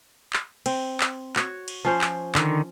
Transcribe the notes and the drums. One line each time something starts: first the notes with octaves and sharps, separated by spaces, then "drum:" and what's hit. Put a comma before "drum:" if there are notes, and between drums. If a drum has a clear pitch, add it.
drum: clap
C4, drum: cymbal
drum: clap
F#4 C#5, drum: clap
drum: cymbal
F3 C#4 C5
drum: clap
D3 D#3, drum: clap